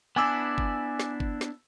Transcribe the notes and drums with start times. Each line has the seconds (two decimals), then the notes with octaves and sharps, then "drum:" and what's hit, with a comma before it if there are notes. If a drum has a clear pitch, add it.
0.16 B3 D4 E4 G#5 D6 E6
0.58 drum: kick G1
0.99 drum: snare
1.20 drum: kick G1
1.41 drum: snare